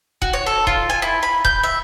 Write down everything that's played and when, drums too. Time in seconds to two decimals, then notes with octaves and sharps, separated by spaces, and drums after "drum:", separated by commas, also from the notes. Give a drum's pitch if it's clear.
0.22 F#4, drum: kick D#1
0.33 C#5
0.46 A4
0.67 F4, drum: kick D#1
0.90 G#5
1.02 E4
1.23 B5
1.45 G6, drum: kick D#1
1.63 E5